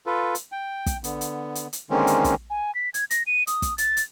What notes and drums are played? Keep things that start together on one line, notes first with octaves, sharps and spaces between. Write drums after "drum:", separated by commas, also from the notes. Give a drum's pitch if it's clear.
F4 A4 B4
drum: hi-hat
G5
drum: kick, hi-hat
D3 B3, drum: hi-hat
drum: hi-hat
drum: hi-hat
drum: hi-hat
D3 D#3 G#3 A#3 C4 C#4
drum: hi-hat
drum: kick, hi-hat
G#5
B6
G#6, drum: hi-hat
A#6, drum: hi-hat
D#7
D#6, drum: hi-hat
drum: kick, hi-hat
A6, drum: hi-hat
drum: hi-hat